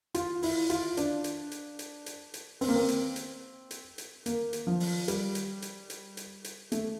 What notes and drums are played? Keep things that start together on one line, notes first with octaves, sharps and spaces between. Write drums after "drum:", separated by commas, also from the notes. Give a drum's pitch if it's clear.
F4, drum: hi-hat
E4, drum: open hi-hat
F4, drum: hi-hat
D4, drum: hi-hat
drum: hi-hat
drum: hi-hat
drum: hi-hat
drum: hi-hat
drum: hi-hat
C4, drum: open hi-hat
A#3
C4
drum: hi-hat
drum: hi-hat
drum: hi-hat
drum: hi-hat
A#3, drum: hi-hat
drum: hi-hat
F3
drum: open hi-hat
G3, drum: hi-hat
drum: hi-hat
drum: hi-hat
drum: hi-hat
drum: hi-hat
drum: hi-hat
A3, drum: hi-hat